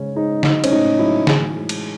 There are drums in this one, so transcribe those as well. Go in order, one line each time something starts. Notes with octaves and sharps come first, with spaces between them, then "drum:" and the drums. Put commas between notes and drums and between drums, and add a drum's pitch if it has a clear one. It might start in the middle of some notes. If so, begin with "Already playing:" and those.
Already playing: C#3 G#3 C#4
G#3 D#4
F#3 D#4, drum: snare
C#4, drum: cymbal
A2 D#4
F#3 E4
E3 G#4, drum: snare
G#3
drum: cymbal